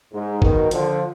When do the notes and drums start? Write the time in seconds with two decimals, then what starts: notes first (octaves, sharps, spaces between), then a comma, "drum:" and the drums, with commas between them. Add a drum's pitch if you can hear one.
0.13 G#2
0.42 B2 D#3, drum: kick
0.71 D3 F3, drum: hi-hat